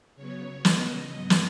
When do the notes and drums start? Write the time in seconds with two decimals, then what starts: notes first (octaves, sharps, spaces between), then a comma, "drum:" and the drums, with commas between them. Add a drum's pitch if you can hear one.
0.15 C#3 F#3 B3 C#5
0.65 C#3 B3 D#5, drum: snare
1.14 G#2 F#3 B3
1.30 drum: snare